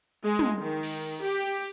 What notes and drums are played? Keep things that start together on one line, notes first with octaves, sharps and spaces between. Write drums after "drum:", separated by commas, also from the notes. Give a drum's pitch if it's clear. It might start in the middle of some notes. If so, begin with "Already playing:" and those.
G#3
drum: tom
D#3
drum: cymbal
G4